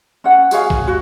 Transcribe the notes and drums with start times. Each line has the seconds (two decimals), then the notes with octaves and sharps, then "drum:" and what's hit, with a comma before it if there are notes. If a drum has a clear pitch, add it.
0.24 C#4 F#5
0.51 F#4 G#4 C#5 F5, drum: tambourine
0.70 drum: kick
0.87 F#4